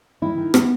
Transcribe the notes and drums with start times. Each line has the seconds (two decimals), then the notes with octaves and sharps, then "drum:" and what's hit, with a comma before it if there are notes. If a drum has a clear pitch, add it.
0.22 D#3 E4
0.38 D#3
0.54 B3, drum: rim click